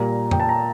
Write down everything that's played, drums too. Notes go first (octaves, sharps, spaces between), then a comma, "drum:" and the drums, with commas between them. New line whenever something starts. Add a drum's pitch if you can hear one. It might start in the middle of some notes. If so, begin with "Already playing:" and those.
Already playing: A#2 G3 A#3 A#5
G5, drum: tom F2
A5
A#5